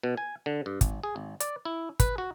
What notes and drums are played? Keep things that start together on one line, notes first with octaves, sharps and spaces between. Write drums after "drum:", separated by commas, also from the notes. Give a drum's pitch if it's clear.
B2
G#5
D3
G2
G#1, drum: kick, hi-hat
G#4
G#1
D5, drum: hi-hat
E4
B4, drum: kick, hi-hat
F#4